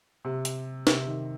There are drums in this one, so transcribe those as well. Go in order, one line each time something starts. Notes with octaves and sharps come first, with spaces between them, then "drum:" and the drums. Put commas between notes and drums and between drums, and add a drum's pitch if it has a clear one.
C3
drum: hi-hat
C3, drum: snare
D#3